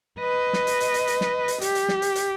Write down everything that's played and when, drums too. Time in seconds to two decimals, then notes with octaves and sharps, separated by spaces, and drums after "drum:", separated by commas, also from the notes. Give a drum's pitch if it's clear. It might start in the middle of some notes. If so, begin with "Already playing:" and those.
0.20 B4 D#5
0.53 drum: snare
0.67 drum: hi-hat
0.80 drum: hi-hat
0.94 drum: hi-hat
1.07 drum: hi-hat
1.21 drum: snare
1.48 drum: hi-hat
1.61 G4, drum: hi-hat
1.75 drum: hi-hat
1.88 drum: snare
2.02 drum: hi-hat
2.15 drum: hi-hat